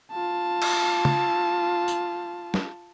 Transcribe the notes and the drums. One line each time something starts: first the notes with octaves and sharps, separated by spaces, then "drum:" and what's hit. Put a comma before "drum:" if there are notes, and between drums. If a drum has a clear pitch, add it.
F4 A5
drum: cymbal
drum: tom
drum: tambourine
drum: snare